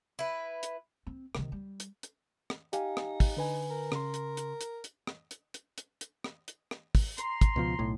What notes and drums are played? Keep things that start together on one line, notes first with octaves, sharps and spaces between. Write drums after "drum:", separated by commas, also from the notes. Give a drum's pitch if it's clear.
E4 B4
drum: hi-hat
C4
C3 D#3, drum: rim click
G3
drum: hi-hat
drum: hi-hat
drum: rim click
D#4 G4 F5 G#5, drum: hi-hat
drum: rim click
drum: kick, open hi-hat
D3 B4 G#5
A#4
C#3 C6, drum: rim click
drum: hi-hat
drum: hi-hat
drum: hi-hat
drum: hi-hat
drum: rim click
drum: hi-hat
drum: hi-hat
drum: hi-hat
drum: hi-hat
drum: rim click
drum: hi-hat
drum: rim click
drum: kick, open hi-hat
A#5 C6, drum: hi-hat
drum: kick, hi-hat
C#2 B2 F3
B1 A2